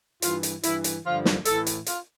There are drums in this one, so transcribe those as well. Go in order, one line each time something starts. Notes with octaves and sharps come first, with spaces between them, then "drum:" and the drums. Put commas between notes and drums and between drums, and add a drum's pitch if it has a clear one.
G2 E3 F4, drum: hi-hat
drum: hi-hat
G2 E3 E4, drum: hi-hat
drum: hi-hat
G2 D3 F3 F4
drum: snare
A2 E3 A4, drum: hi-hat
drum: hi-hat
F4, drum: hi-hat